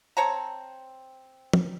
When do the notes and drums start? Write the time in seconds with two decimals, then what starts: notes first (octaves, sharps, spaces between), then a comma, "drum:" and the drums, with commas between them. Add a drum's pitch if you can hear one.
0.17 C4 C#5 A5 A#5
1.53 drum: tom